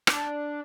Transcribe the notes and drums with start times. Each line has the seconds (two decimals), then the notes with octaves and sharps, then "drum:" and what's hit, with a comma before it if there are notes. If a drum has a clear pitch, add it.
0.07 D4, drum: rim click